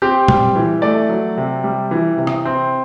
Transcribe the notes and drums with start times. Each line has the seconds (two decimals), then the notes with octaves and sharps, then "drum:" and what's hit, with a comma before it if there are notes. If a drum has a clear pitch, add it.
0.02 C4 G4
0.28 G3, drum: tom A#2
0.55 E3
0.82 A3 D5
1.09 F#3
1.37 C3
1.64 G3
1.91 E3
2.18 C3
2.27 drum: rim click
2.45 C4